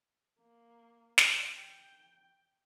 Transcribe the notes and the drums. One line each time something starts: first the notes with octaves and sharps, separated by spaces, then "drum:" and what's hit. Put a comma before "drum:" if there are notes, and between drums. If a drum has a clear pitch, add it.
A#3
drum: snare
G5